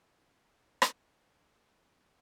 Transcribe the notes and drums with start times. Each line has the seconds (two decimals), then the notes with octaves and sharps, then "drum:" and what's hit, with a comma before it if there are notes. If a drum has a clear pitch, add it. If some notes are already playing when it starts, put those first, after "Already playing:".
0.22 G#2 D#3
0.82 drum: rim click
1.10 D#2 A#4 C#6